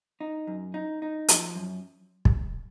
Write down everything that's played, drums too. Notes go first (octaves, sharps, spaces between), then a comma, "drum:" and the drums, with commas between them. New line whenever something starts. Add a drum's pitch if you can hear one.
D#4
F#2
D#4
D#4
F3, drum: hi-hat
F#2
drum: kick